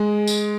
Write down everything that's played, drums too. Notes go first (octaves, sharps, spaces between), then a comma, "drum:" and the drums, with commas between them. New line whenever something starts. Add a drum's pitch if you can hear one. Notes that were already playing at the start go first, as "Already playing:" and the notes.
Already playing: G#3
drum: tambourine